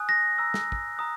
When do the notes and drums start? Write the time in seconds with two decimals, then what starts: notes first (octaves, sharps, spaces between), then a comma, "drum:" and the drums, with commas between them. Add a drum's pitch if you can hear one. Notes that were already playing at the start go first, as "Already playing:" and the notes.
Already playing: G#5 D#6 F#6
0.09 A#6
0.38 A#5 E6
0.54 drum: snare
0.72 drum: kick
0.97 A#5 D#6 F#6